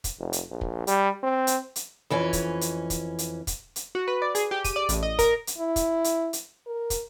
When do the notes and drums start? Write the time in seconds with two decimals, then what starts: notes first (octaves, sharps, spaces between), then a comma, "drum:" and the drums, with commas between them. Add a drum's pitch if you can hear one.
0.04 drum: kick, hi-hat
0.19 F1
0.33 drum: hi-hat
0.51 A#1
0.61 drum: kick
0.87 G3, drum: hi-hat
1.23 C4
1.47 drum: hi-hat
1.76 drum: hi-hat
2.10 F2 E3 C#4 G#5
2.33 drum: kick, hi-hat
2.61 drum: hi-hat
2.90 drum: kick, hi-hat
3.19 drum: hi-hat
3.47 drum: kick, hi-hat
3.76 drum: hi-hat
3.95 F#4
4.08 B4
4.22 D5
4.35 G#4, drum: hi-hat
4.51 G4
4.64 D#7, drum: kick, hi-hat
4.76 D5
4.89 A1, drum: hi-hat
5.03 D#5
5.19 A#4, drum: kick, hi-hat
5.47 drum: hi-hat
5.58 E4
5.76 drum: kick, hi-hat
6.04 drum: hi-hat
6.33 drum: hi-hat
6.67 A#4
6.90 drum: kick, hi-hat